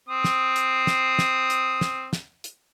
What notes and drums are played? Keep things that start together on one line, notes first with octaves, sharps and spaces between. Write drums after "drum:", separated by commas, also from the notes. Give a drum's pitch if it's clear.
C4 D#6
drum: snare
drum: hi-hat
drum: snare
drum: snare
drum: hi-hat
drum: snare
drum: snare
drum: hi-hat